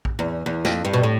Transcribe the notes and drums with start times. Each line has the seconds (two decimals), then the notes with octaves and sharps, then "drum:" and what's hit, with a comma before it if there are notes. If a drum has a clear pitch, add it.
0.05 drum: kick A#1
0.19 E2
0.46 E2
0.65 F2, drum: snare
0.85 G2
0.93 B2
1.03 A2